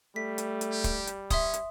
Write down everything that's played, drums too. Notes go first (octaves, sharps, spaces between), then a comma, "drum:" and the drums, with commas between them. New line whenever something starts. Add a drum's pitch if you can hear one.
G3 A3 B6
drum: hi-hat
drum: hi-hat
G4
drum: kick, hi-hat
drum: hi-hat
C#4 E5 C6 D#6, drum: kick, hi-hat
drum: hi-hat